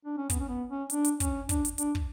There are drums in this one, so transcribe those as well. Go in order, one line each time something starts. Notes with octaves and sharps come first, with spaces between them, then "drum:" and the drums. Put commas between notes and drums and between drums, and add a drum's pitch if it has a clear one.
D4
C#4
B3, drum: kick, hi-hat
C#4
B3
C#4
D4, drum: hi-hat
drum: hi-hat
C#4, drum: kick, hi-hat
D4, drum: kick, hi-hat
drum: hi-hat
D4, drum: hi-hat
drum: kick